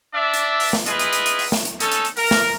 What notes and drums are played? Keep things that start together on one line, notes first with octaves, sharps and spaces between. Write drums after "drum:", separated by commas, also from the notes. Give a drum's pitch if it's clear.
D4 D5 E5
drum: hi-hat
drum: open hi-hat
drum: snare
E4 F4 G#4 B4 D#5, drum: hi-hat
drum: hi-hat
drum: hi-hat
drum: hi-hat
drum: open hi-hat
drum: snare
drum: hi-hat
C#4 D#4 A4, drum: hi-hat
drum: hi-hat
drum: hi-hat
A#4, drum: open hi-hat
drum: snare